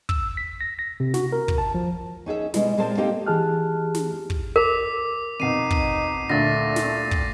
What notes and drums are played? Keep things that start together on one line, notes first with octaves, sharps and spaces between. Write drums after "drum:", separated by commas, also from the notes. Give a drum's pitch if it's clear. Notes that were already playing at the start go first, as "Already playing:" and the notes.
E6, drum: kick
B6
A#6
A#6
C3
F#4, drum: snare
A#4
drum: kick
A5
F3
C#4 D#4 G#4 E5
B2 G3 G#3, drum: snare
A#2 G#3 A#3 C4 C5 A5
A#3 C4 D#4 G4 A4
E3 G4 G#4 A5 F6 F#6
drum: snare
drum: kick
A#4 D6 B6
F2 B2 D#4 C7 D#7
drum: kick
D2 A#2 A3 A6 A#6
drum: snare
drum: kick